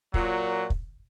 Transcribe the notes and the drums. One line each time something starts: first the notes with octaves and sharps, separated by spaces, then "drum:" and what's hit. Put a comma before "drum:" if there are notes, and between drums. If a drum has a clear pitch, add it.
A#2 F#3, drum: kick
drum: kick